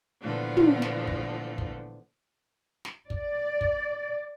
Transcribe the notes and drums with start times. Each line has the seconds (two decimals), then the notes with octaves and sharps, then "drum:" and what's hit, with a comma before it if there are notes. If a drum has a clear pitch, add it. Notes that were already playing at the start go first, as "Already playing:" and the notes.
0.23 A#2 D3 E3 F3 A3 B3
0.57 drum: tom
0.82 drum: snare
1.07 drum: kick
1.58 drum: kick
2.85 drum: snare
3.10 D5, drum: kick
3.61 drum: kick